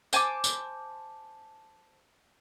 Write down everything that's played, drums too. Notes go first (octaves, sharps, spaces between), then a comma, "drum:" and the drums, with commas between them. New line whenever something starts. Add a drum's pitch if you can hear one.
C5 G#5 A5 D6, drum: tambourine
drum: tambourine